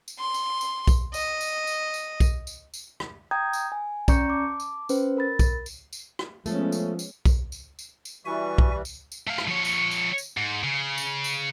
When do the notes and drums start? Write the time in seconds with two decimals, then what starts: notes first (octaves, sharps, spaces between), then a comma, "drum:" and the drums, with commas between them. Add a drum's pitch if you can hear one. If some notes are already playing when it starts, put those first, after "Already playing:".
0.08 drum: tambourine
0.19 C6
0.34 drum: tambourine
0.61 drum: tambourine
0.87 drum: kick B1, tambourine
1.14 D#5, drum: tambourine
1.41 drum: tambourine
1.67 drum: tambourine
1.94 drum: tambourine
2.20 drum: kick B1, tambourine
2.47 drum: tambourine
2.74 drum: tambourine
3.00 drum: rim click
3.31 G5 A#5 D#6 G6 G#6
3.53 drum: tambourine
3.72 G#5
4.08 C#4 D5 A#5 C#6 G6 C#7, drum: kick B1, tambourine
4.30 A5 D6
4.60 drum: tambourine
4.89 C#4 B4 C5, drum: tambourine
5.17 A#4 B5 A6
5.39 drum: kick B1, tambourine
5.66 drum: tambourine
5.93 drum: tambourine
6.19 drum: rim click
6.46 F3 G#3 A3 B3 C#4 A4, drum: tambourine
6.72 drum: tambourine
6.99 drum: tambourine
7.26 drum: kick B1, tambourine
7.52 drum: tambourine
7.79 drum: tambourine
8.05 drum: tambourine
8.25 E3 G3 F#4 E5 G#5 C#6
8.58 drum: kick B1
8.85 drum: tambourine
9.12 drum: tambourine
9.27 A3 F5
9.38 drum: rim click
9.48 F3 C#5
9.65 drum: tambourine
9.91 drum: tambourine
10.18 drum: tambourine
10.37 G#2
10.63 C#3
10.98 drum: tambourine
11.24 drum: tambourine